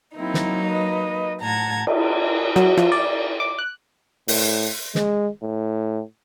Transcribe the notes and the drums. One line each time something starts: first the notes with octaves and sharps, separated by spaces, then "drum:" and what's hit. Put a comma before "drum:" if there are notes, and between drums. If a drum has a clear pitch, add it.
F#3 A#3 C4 D#4 E4
drum: snare
B4 D#5
A2 F#5 A5 A#5 G#6
drum: cymbal
F#3, drum: rim click
F3, drum: rim click
D5
D6
F#6
A2, drum: open hi-hat
G#3, drum: snare
A2